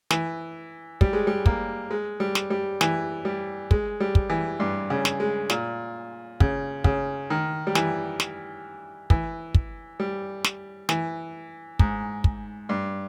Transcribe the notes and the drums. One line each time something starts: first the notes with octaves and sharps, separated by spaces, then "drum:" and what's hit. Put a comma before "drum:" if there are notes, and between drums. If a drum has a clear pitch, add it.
E3, drum: snare
G3, drum: kick
G#3
G3
A#3, drum: kick
G#3
G3
drum: snare
G3
E3, drum: snare
G3
G#3, drum: kick
G3
drum: kick
E3
G2
C#3
drum: snare
G#3
A#2, drum: snare
C#3, drum: kick
C#3, drum: kick
D#3
G3
E3, drum: snare
drum: snare
E3, drum: kick
drum: kick
G3
drum: snare
E3, drum: snare
G#2, drum: kick
drum: kick
G2